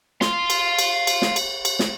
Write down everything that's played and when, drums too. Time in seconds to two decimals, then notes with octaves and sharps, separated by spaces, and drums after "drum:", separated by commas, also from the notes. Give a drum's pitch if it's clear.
0.21 F5 C6, drum: snare
0.50 drum: cymbal
0.79 drum: cymbal
1.07 drum: cymbal
1.22 drum: snare
1.36 drum: cymbal
1.65 drum: cymbal
1.79 drum: snare